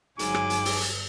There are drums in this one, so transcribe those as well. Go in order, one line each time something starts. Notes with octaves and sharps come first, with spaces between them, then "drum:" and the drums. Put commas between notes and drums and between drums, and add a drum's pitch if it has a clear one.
G1 G#2 F#3 G#5 D6, drum: hi-hat
drum: rim click
drum: hi-hat
drum: open hi-hat
drum: hi-hat